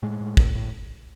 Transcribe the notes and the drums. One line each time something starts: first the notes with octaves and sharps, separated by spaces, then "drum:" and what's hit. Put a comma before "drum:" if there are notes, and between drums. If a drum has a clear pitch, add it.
A2 G#3
A2
A2, drum: kick
A2